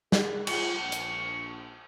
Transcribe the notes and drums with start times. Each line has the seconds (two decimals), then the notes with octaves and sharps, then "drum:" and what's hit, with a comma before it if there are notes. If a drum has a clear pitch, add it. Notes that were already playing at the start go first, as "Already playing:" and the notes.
0.12 G#4, drum: snare
0.47 F4 G#4 C#6, drum: cymbal
0.80 A#1
0.92 drum: hi-hat